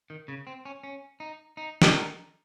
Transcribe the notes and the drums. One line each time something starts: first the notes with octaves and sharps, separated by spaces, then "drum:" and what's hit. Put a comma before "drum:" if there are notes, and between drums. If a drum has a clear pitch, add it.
D#3
C#3
C4
C#4
C#4
D#4
D#4
drum: snare
D#4